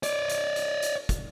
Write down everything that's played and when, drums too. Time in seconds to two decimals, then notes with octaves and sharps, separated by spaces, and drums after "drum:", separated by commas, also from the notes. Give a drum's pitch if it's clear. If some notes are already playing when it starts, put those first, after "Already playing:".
0.03 C#5 D5, drum: hi-hat
0.30 drum: hi-hat
0.56 drum: hi-hat
0.83 drum: hi-hat
1.09 drum: kick, hi-hat